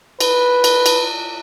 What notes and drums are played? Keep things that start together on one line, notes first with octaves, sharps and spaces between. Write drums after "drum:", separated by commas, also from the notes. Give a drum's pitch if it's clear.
B4, drum: cymbal
drum: cymbal
drum: cymbal